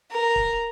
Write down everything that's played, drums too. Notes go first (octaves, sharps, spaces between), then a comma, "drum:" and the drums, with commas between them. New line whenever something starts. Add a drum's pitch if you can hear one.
A#4
drum: kick